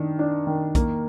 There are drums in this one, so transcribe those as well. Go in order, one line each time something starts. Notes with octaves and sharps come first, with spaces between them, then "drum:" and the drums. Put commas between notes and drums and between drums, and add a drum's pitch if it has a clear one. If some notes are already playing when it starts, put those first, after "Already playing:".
Already playing: D#3 D4
D4
D#3
A#3, drum: kick B1, hi-hat